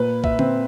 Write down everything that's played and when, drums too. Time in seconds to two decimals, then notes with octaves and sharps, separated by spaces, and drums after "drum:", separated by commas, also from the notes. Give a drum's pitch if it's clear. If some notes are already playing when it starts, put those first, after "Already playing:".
Already playing: A#2 B4
0.24 E5, drum: kick
0.39 C4, drum: tom D3